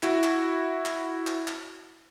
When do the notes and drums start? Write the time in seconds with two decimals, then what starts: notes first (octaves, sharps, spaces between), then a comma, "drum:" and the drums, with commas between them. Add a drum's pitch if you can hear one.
0.03 E4 F#4, drum: clap
0.23 drum: clap
0.85 drum: clap
1.27 drum: clap
1.47 drum: clap